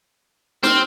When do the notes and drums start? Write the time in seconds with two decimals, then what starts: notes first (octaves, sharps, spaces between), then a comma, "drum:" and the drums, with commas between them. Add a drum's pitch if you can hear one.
0.64 C4 F6, drum: snare